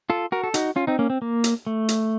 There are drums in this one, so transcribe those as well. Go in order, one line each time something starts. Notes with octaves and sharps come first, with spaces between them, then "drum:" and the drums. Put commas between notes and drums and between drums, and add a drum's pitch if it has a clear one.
F4 A4
F#4 A#4
A4
D#4 F#4, drum: hi-hat
C#4 F4
C4 D#4
A#3 C#4
C4
A#3
drum: hi-hat
A3
drum: hi-hat